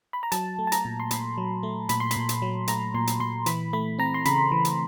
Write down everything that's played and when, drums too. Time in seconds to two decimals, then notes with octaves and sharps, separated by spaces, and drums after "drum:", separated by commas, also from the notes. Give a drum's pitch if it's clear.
0.13 B5
0.23 A#5
0.32 F#3 A5, drum: hi-hat
0.59 A3
0.67 A5
0.72 A#5, drum: hi-hat
0.85 A#2
1.00 C6
1.11 A#2 B5, drum: hi-hat
1.38 F#3
1.63 A3
1.89 A#2 B5, drum: hi-hat
2.00 C6
2.11 B5, drum: hi-hat
2.16 A#2
2.29 drum: hi-hat
2.42 F#3
2.67 A3 A#5, drum: hi-hat
2.94 A#2 C6
3.07 drum: hi-hat
3.20 A#2 C6
3.46 E3 B5, drum: hi-hat
3.73 A3 B5
3.99 C4 A#5
4.14 C6
4.25 C#3 B5, drum: hi-hat
4.52 E3
4.65 drum: hi-hat